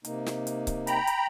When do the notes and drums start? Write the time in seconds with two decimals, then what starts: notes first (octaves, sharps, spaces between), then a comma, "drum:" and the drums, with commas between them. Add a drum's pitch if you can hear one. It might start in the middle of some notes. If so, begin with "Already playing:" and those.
0.05 C3 A#3 D#4, drum: hi-hat
0.26 drum: snare
0.47 drum: hi-hat
0.67 drum: kick C#1, hi-hat
0.87 G5 A#5 B5, drum: hi-hat
1.07 drum: hi-hat